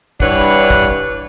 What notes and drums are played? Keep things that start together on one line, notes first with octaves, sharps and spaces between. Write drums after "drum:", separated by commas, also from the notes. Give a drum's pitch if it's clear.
G2 E3 D4 B4 C#5 F#5, drum: kick
drum: kick